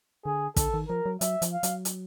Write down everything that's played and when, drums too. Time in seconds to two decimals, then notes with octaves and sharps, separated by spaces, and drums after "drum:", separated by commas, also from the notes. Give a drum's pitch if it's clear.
0.25 D3 G#4
0.56 D3 A4, drum: kick, hi-hat
0.74 D#3
0.88 F3 A#4
1.06 F#3
1.21 F#3 E5, drum: hi-hat
1.42 F3, drum: hi-hat
1.53 F5
1.63 F#3, drum: hi-hat
1.85 drum: hi-hat